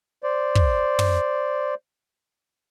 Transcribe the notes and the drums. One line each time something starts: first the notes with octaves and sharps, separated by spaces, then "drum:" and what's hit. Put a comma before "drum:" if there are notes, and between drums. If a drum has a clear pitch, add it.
C5 D5
drum: kick
drum: tom